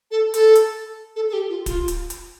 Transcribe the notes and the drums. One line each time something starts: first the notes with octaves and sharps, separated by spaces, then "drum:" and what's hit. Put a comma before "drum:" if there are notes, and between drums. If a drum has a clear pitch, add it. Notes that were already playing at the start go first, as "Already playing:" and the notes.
A4
A4, drum: hi-hat
drum: hi-hat
A4
A4
G4
F4
F4, drum: kick, hi-hat
drum: hi-hat
drum: hi-hat